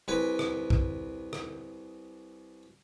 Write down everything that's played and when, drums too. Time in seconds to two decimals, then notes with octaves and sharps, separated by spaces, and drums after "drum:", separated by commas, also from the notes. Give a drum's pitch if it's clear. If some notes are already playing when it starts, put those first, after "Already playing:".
0.08 C2 B4 G#5
0.39 drum: rim click
0.70 drum: kick A#1
1.33 drum: rim click